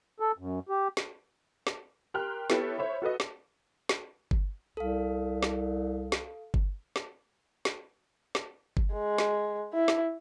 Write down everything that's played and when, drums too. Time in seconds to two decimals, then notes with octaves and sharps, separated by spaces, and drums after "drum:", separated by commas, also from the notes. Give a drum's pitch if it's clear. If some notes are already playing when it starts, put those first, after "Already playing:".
0.20 A4
0.38 F#2
0.69 G4
0.97 drum: snare
1.67 drum: snare
2.14 G4 A#4 G5 C6 F6 F#6
2.50 B3 E4 G4 A4 B4 C#5, drum: snare
2.78 C5 C#5 E5 B5
3.02 F#4 A4 B4 D#5
3.20 drum: snare
3.89 drum: snare
4.31 drum: kick G1
4.77 C2 A4 F5
5.43 drum: snare
6.12 drum: snare
6.54 drum: kick G1
6.96 drum: snare
7.65 drum: snare
8.35 drum: snare
8.77 drum: kick G1
8.92 G#3
9.18 drum: snare
9.74 E4
9.88 drum: snare